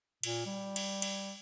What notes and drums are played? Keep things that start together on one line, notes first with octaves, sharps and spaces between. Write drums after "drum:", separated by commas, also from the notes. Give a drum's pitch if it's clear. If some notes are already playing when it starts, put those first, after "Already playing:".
A#2, drum: cymbal
G3
drum: cymbal
drum: cymbal